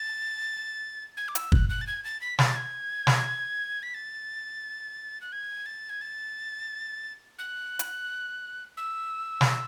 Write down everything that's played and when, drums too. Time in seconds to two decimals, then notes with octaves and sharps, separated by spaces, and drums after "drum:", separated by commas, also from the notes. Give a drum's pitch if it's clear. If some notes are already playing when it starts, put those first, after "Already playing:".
Already playing: A6
1.17 G#6
1.28 D6
1.35 E6, drum: hi-hat
1.52 F#6, drum: kick
1.69 F#6
1.81 A6
1.87 G#6
2.04 A6
2.21 B6
2.39 A6, drum: snare
2.56 G#6
3.07 drum: snare
3.83 B6
3.94 A6
5.21 F#6
5.32 G#6
5.66 A6
5.89 G#6
6.01 A6
7.39 F#6
7.79 drum: hi-hat
8.77 E6
9.41 drum: snare